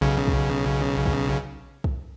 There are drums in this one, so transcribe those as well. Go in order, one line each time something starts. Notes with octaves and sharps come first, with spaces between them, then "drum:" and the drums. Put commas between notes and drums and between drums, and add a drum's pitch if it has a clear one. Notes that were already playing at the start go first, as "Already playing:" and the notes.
B1 C#3
drum: kick
drum: kick
drum: kick